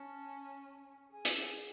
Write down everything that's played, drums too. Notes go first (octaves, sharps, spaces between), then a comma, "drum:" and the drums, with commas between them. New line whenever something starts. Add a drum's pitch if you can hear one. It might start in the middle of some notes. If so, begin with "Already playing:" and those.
Already playing: C#4 A5
G#4 G#5
drum: hi-hat
F#5